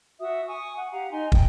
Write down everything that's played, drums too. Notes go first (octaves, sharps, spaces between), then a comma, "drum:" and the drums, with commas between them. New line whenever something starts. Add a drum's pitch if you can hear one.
F#4 E5 D#6
G#5 C#6 D#6
F#5 G#5
G4 F5 F#5 A#5
D#4 G#5 C6
G5, drum: kick